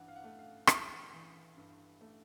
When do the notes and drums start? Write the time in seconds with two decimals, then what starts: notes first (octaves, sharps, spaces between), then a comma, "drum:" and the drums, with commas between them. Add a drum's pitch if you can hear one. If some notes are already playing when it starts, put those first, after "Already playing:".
Already playing: A1 G2 E3 F#5
0.08 F5
0.16 F#5
0.22 A3 F5
0.39 F5
0.67 A1, drum: rim click
1.13 E3
1.57 G2
2.01 A3